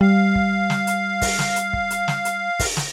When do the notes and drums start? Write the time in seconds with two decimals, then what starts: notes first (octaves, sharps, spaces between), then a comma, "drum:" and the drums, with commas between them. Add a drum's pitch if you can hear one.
0.01 G3 F5
0.35 drum: kick
0.70 drum: snare
0.87 drum: hi-hat
1.22 drum: kick, open hi-hat
1.39 drum: snare
1.56 drum: hi-hat
1.73 drum: kick
1.90 drum: hi-hat
2.08 drum: snare
2.25 drum: hi-hat
2.59 drum: kick, open hi-hat
2.77 drum: snare